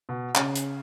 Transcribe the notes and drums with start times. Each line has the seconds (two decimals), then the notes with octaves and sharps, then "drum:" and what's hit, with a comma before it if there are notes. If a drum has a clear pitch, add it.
0.09 B2
0.35 C#3, drum: clap
0.56 drum: hi-hat